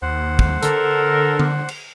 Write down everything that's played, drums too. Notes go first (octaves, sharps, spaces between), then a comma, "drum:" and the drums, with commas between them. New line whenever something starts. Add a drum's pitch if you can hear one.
D#2 C5 F#5
drum: kick
D3 A4 A#4, drum: hi-hat
drum: tom D3
drum: cymbal